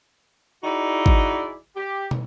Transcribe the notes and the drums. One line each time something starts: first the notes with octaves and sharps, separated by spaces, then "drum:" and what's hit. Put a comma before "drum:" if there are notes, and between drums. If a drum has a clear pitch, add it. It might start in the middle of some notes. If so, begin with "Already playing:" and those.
D#4 E4 F#4 G#4 D5
drum: kick G#1
G4
drum: tom